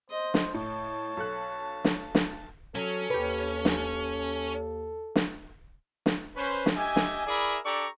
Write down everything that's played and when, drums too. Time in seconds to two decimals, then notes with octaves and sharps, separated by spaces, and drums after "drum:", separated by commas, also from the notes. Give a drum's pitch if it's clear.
0.10 C5 D#5
0.34 drum: snare
0.54 A2 C#5 A5
1.17 B1 A4 F#6
1.85 drum: snare
2.15 drum: snare
2.75 F#3 C#4 A4
3.10 D#2 G4 B4
3.65 drum: snare
5.16 drum: snare
6.06 drum: snare
6.36 C#4 B4 C5
6.66 drum: snare
6.76 G4 D#5 E5 G#5
6.96 drum: snare
7.27 E4 G#4 A#4 D5 E5 B5
7.65 D4 G4 A4 D5 A#5 C#6